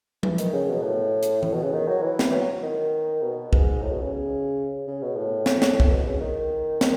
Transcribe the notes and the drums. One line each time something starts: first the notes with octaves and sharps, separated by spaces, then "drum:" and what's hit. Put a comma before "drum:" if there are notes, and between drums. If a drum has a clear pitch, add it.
E3, drum: tom F3
D#3, drum: hi-hat
C#3
B2
A2
drum: hi-hat
A2, drum: tom E3
B2
C#3
D#3
F#3
E3
drum: snare
F#3
D#3
B2
G#2, drum: kick
A2
B2
C#3
C#3
B2
A2
drum: snare
drum: snare
A2, drum: kick
B2
C#3
D#3
D#3, drum: snare